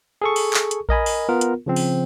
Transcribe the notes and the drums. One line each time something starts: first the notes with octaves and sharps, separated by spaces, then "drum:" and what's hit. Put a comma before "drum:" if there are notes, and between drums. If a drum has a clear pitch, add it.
G#4 A4 C#6
drum: open hi-hat
drum: clap
drum: hi-hat
A#4 D#5 G#5 B5, drum: kick A#1
drum: open hi-hat
B3 F4 A#4
drum: hi-hat
C#3 F3 C4
drum: open hi-hat